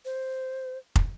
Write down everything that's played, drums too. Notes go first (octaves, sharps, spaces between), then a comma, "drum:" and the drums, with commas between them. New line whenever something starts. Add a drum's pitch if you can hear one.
C5
drum: kick